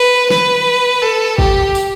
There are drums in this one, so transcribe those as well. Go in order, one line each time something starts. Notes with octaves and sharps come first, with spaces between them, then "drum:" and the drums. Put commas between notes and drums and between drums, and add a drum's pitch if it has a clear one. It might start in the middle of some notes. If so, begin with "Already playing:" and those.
Already playing: B4
B4, drum: snare
A4
G4, drum: kick
drum: tambourine